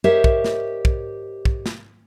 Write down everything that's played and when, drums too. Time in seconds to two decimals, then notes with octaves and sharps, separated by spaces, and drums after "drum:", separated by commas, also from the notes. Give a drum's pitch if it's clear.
0.04 G4 A#4 C5 C#5 D#5 E5
0.24 drum: kick
0.44 drum: snare
0.85 drum: kick
1.45 drum: kick
1.66 drum: snare